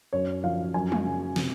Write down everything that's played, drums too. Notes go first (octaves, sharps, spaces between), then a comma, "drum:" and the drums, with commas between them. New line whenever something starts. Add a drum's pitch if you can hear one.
F#2 C#5
F3 F5
F#2 G#5
drum: tom G3
C#3
C3, drum: snare